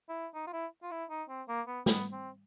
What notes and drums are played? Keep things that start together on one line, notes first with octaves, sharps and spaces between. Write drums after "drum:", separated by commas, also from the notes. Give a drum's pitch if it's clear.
E4
D#4
F4
E4
F4
E4
D#4
C4
A#3
B3
B3, drum: snare
C4